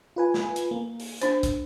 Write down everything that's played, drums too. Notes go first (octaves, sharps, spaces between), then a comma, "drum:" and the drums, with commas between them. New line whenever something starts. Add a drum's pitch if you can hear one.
F4 B4 G#5
drum: snare
drum: hi-hat
A#3
drum: open hi-hat
D4 C5, drum: hi-hat
drum: kick, hi-hat